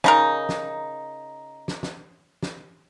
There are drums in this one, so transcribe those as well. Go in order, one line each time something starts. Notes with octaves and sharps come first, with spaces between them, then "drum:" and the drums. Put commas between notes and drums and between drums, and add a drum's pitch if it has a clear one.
C#3 D#4 A#4, drum: snare
drum: snare
drum: snare
drum: snare
drum: snare